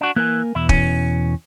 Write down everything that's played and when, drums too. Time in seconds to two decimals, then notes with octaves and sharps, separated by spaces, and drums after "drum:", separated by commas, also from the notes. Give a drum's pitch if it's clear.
0.01 D4 F#4
0.16 E3 A#3 A#4 G#5
0.55 E2 B2 E3 E4
0.69 C#4, drum: kick